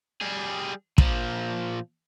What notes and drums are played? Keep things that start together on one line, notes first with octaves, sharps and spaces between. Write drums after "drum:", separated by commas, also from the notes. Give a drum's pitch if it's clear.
G3 G#4
A#2 F3, drum: kick